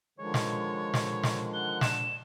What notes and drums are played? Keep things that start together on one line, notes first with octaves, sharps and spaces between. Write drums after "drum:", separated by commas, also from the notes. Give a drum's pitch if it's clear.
D3 D#3 F3 G#3 C#5
drum: snare
drum: snare
drum: snare
F#5 G7
D4 E7, drum: snare